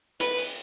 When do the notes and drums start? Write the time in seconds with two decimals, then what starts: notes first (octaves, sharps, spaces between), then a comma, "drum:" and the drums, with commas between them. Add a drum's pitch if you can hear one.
0.20 B4, drum: hi-hat
0.38 drum: open hi-hat